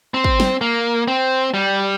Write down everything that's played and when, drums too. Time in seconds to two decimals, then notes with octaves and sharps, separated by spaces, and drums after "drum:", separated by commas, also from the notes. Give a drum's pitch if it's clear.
0.14 C4
0.24 drum: kick
0.40 drum: snare
0.61 A#3
1.08 C4
1.54 G3